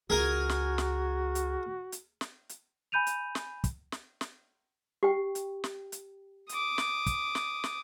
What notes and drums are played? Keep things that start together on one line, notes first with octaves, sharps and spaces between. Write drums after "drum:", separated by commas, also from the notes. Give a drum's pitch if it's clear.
C#2 F#4 G#4 A#4 G#5
drum: snare
drum: snare
drum: hi-hat
drum: hi-hat
drum: snare
drum: hi-hat
G#5 B5 G6 D#7 F7
drum: hi-hat
drum: snare
drum: kick, hi-hat
drum: snare
drum: snare
G4 G5
drum: hi-hat
drum: snare
drum: hi-hat
D6 D#6, drum: hi-hat
drum: snare
drum: kick, hi-hat
drum: snare
drum: snare